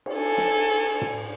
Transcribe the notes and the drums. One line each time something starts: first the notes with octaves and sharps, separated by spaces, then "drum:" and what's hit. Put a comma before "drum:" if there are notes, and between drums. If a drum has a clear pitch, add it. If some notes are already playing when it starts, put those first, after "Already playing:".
drum: cymbal
A4 G#5
drum: snare
drum: tom